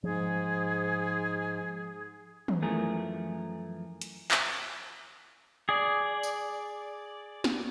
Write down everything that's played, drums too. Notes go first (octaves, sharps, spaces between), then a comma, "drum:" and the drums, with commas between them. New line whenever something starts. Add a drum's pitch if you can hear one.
G#2 F3 G#4
drum: tom
F#2 E3 F3 A3 G#4 A#4
drum: hi-hat
drum: clap
G#4 D5
drum: tambourine
drum: snare